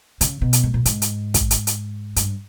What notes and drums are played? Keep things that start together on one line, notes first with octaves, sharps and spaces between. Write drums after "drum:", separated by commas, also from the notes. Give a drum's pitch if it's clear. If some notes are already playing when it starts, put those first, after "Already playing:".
C#3, drum: hi-hat
B2
drum: hi-hat
G#2
A#2
G#2, drum: hi-hat
drum: hi-hat
drum: kick, hi-hat
drum: hi-hat
drum: hi-hat
G2, drum: hi-hat